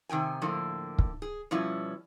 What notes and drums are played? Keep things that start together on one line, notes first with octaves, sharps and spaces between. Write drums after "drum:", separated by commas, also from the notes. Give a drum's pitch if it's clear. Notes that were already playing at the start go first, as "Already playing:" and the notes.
C3 D#3 G5 G#5
A2 D3 F3 A#3
drum: kick
G#4
B2 F3 G3 C#4 E4